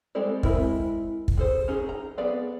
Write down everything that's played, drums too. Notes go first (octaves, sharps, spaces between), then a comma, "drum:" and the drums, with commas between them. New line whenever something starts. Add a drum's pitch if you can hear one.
G3 G#3 C4 A4 D5
G#3 C4 E4 A#4 B5, drum: kick
drum: kick
G#4 A4 C5
C#4 D#4 G#4
A#5
B3 G#4 D5 F5